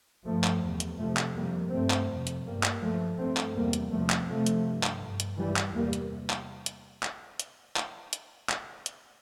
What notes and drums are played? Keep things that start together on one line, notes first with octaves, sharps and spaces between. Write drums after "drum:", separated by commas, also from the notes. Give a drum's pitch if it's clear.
G2 F3 A3
drum: clap
E2 C3
drum: hi-hat
F2 C3 F3 A3
drum: clap
F2 C3 G3 A#3
G2 A3 C4
drum: clap
F2 C3
drum: hi-hat
G2 G3 A#3
drum: clap
G2 F3 A3
G2 A3 C4
drum: clap
E2 C3 G3 A#3
drum: hi-hat
E2 C3 F3 A3
drum: clap
F2 C3 F3 A3
drum: hi-hat
G2
drum: clap
G2
drum: hi-hat
G2 E3 G3
drum: clap
E2 C3 G3 A#3
drum: hi-hat
drum: clap
drum: hi-hat
drum: clap
drum: hi-hat
drum: clap
drum: hi-hat
drum: clap
drum: hi-hat